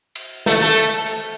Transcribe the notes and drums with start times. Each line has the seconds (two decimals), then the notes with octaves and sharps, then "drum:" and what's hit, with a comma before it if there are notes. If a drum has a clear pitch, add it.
0.15 drum: cymbal
0.46 A3, drum: snare
0.61 A3
0.76 drum: cymbal
1.06 drum: cymbal